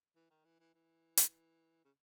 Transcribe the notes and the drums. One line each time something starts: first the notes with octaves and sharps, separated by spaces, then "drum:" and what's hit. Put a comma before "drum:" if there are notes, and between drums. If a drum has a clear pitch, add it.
E3
D#3
E3
E3
E3
drum: hi-hat
C#3